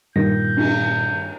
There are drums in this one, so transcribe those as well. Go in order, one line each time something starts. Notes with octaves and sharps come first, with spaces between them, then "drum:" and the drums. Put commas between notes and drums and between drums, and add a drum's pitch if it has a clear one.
G2 A#2 D#3 G6 A#6
drum: cymbal